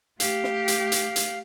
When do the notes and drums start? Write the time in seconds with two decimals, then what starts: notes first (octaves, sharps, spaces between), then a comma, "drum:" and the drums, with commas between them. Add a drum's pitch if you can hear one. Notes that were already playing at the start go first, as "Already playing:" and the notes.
0.20 A3 G4 F5, drum: hi-hat
0.44 drum: snare
0.68 drum: hi-hat
0.92 drum: hi-hat
1.16 drum: hi-hat